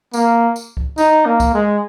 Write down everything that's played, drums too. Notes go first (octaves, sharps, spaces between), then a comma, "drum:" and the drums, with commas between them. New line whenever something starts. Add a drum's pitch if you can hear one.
A#3, drum: tambourine
drum: tambourine
drum: kick C#2
D#4, drum: tambourine
A#3
drum: kick C#2, tambourine
G#3